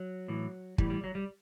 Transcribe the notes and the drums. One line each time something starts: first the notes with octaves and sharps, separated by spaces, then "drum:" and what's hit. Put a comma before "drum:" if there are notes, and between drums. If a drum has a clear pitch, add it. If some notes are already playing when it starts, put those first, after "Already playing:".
Already playing: F#3
A2 E3
A2 E3 G3, drum: kick
G3
F#3
G3